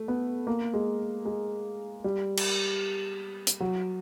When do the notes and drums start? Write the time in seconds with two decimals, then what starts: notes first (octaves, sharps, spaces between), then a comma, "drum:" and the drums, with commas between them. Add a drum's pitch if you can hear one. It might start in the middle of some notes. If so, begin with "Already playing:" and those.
Already playing: A3
0.08 B3
0.47 A#3
0.74 G#3
1.25 G#3
2.04 G3
2.37 drum: cymbal
3.47 drum: hi-hat
3.60 F#3